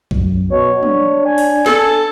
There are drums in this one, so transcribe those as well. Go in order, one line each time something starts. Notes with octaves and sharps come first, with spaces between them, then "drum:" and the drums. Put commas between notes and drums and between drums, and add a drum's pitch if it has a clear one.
F#2, drum: kick B1
B2 C#5
D4, drum: tom
G#5
drum: open hi-hat
A4, drum: snare